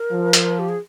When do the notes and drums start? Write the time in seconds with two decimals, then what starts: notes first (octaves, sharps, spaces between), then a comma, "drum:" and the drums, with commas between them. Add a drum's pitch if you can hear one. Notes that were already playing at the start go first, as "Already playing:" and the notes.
Already playing: A#4
0.11 F3
0.33 drum: hi-hat
0.59 G4
0.69 G#4